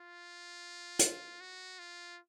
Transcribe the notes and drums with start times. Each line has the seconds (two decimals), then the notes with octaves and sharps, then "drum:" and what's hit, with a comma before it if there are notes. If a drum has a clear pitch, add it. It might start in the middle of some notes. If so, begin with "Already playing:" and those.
Already playing: F4
0.99 drum: hi-hat
1.41 F#4
1.79 F4